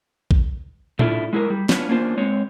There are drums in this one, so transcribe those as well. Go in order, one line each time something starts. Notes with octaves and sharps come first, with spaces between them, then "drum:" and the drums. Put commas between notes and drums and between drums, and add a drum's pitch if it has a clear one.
drum: kick
A3 D4 E4 F4, drum: tom A2
G#3 E4 G#4 A#4
G3
B3 C#4 D4 F4 C#5, drum: snare
A#3 C#4 D4 F4 C5
G#3 C4 C#5